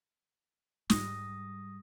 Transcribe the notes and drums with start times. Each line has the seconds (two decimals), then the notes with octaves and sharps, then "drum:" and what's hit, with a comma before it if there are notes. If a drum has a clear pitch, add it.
0.90 G#2 G3 D#6 A#6, drum: snare